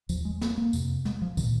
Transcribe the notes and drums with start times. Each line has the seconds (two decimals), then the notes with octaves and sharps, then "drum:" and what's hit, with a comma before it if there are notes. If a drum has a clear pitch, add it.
0.09 D#2 F3, drum: tambourine
0.25 G#3
0.41 A#3, drum: snare
0.58 A#3
0.73 F2 C3, drum: tambourine
1.05 G#3, drum: snare
1.22 F3
1.37 A#2 D#3, drum: kick, tambourine